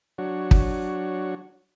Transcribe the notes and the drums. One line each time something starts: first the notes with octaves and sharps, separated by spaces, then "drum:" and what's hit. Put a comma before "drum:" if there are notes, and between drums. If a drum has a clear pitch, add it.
F#3 D4 F#4 C#5
drum: kick